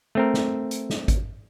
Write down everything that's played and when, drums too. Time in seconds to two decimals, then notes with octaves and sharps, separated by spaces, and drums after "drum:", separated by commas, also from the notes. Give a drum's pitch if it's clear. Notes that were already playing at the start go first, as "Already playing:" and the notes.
0.15 A3 C4 A#4
0.34 drum: snare
0.71 drum: hi-hat
0.90 drum: snare
1.08 drum: kick G#1, hi-hat